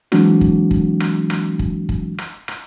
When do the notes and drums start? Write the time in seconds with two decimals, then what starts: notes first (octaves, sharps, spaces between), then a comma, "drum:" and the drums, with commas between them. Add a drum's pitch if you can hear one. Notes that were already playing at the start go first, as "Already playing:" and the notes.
0.12 E3 F#3 G#3 C4 D4 F#4, drum: rim click
0.41 drum: kick
0.71 drum: kick
1.00 drum: rim click
1.30 drum: rim click
1.59 drum: kick
1.89 drum: kick
2.18 drum: rim click
2.48 drum: rim click